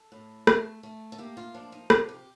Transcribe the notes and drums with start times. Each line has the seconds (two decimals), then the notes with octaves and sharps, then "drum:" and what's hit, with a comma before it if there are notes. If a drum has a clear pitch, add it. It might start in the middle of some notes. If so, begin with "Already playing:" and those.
Already playing: A4
0.12 A2
0.47 A3, drum: rim click
0.83 A3
1.12 A4
1.18 A#3 G4
1.37 F4
1.54 F3 D4
1.72 D#4
1.90 C3 D#4, drum: rim click
2.09 G4